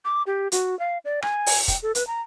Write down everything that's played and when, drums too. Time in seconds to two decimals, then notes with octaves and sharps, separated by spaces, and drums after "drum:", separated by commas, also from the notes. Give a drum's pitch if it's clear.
0.05 D6
0.27 G4
0.52 F#4, drum: hi-hat
0.79 F5
1.05 D5
1.22 G#5, drum: rim click
1.46 drum: open hi-hat
1.68 G5, drum: kick, hi-hat
1.82 A4
1.95 B4, drum: hi-hat
2.07 A#5